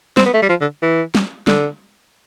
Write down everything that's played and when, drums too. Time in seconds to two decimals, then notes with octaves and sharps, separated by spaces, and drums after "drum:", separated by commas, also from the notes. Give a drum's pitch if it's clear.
0.17 C4, drum: snare
0.26 B3
0.34 A3
0.42 G3
0.49 F3
0.61 D3
0.82 E3
1.15 drum: snare
1.47 D3, drum: snare